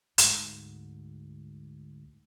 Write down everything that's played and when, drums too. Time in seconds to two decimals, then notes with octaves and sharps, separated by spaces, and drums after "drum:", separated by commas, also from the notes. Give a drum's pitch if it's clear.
0.18 D2 G#2, drum: hi-hat